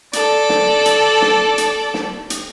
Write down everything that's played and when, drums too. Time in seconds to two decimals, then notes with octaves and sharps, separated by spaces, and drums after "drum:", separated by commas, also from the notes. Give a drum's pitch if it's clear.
0.13 A4 D5, drum: hi-hat
0.49 drum: snare
0.86 drum: hi-hat
1.22 drum: snare
1.58 drum: hi-hat
1.94 drum: snare
2.30 drum: hi-hat